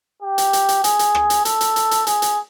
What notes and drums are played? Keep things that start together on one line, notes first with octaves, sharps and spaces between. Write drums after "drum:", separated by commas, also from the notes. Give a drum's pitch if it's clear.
G4
drum: hi-hat
drum: hi-hat
drum: hi-hat
G#4, drum: hi-hat
drum: hi-hat
drum: rim click
drum: hi-hat
A4, drum: hi-hat
drum: hi-hat
drum: hi-hat
drum: hi-hat
G#4, drum: hi-hat
drum: hi-hat